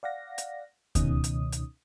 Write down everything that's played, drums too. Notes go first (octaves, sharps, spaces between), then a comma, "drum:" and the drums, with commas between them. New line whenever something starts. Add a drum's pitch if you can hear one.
D5 F5 F#5 A#6
drum: hi-hat
C#2 B2 D#3 C#4 D#4 D#6, drum: kick D2, hi-hat
drum: hi-hat
drum: hi-hat